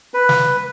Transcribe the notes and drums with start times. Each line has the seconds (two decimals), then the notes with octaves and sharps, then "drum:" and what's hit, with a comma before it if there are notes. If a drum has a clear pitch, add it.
0.14 B4
0.29 drum: snare